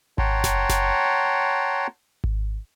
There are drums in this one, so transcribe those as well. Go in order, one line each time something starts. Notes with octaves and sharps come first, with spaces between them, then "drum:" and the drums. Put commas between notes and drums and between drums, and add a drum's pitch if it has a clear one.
C#5 F#5 G5 A5 A#5 C6, drum: kick G#1
drum: snare F#1
drum: snare F#1
drum: kick G#1